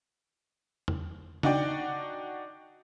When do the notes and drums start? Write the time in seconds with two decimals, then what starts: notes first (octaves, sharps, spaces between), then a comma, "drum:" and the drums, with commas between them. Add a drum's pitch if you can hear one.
0.88 drum: tom E2
1.43 D4 D#4 F#4 D5 G5, drum: tom